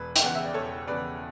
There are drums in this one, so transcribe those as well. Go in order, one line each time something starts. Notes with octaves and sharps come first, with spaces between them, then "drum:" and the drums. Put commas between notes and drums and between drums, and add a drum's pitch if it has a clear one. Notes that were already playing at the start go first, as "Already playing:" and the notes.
Already playing: E1 B4
G5, drum: hi-hat
E2 C#3 F#5
E5
D5
E1 A4 C#5
E2 C#3 B4 D5